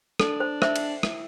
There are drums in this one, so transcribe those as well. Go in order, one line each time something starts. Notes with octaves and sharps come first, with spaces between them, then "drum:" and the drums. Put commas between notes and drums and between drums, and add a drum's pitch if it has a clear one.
D4 A4, drum: rim click
C5
C5 E5, drum: rim click
drum: cymbal
E4, drum: rim click